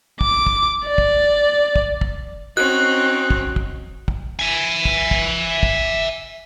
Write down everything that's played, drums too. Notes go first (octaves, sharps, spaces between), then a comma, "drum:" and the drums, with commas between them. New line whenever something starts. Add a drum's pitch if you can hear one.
D6, drum: kick
drum: kick
D5
drum: kick
drum: kick
drum: kick
C4 C#4 D#4 F#4 F#6
drum: kick
drum: kick
drum: kick
E5 G#5
drum: kick
drum: kick
drum: kick